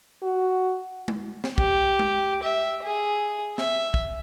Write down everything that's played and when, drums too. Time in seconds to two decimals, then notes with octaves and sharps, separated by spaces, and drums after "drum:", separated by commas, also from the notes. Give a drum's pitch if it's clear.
0.22 F#4
1.08 drum: tom G#3
1.44 drum: snare
1.58 G4, drum: kick
1.99 drum: tom G#3
2.43 E5
2.84 G#4
3.58 E5, drum: snare
3.94 drum: kick